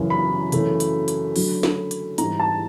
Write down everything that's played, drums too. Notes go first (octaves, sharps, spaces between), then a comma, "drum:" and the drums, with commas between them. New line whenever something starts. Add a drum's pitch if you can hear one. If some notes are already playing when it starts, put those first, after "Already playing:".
Already playing: F#2 C#3 E3
B5
F#2 C#3 E3 A3, drum: hi-hat
drum: hi-hat
drum: hi-hat
F#2 D3 F#3 A3, drum: open hi-hat
drum: snare
drum: hi-hat
G#2 E3 G3 A#5, drum: hi-hat
A5